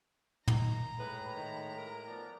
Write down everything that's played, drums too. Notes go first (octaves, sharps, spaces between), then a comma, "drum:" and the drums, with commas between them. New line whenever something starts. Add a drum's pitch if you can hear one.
D#3 A#5, drum: tom
A2 G#3 B4 B5
D#3
A#4
F3 B3 D5